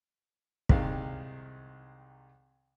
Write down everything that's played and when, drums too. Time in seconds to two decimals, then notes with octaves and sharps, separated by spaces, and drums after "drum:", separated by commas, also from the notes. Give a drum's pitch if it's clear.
0.69 C2 C3 D#3 G#3 F5, drum: kick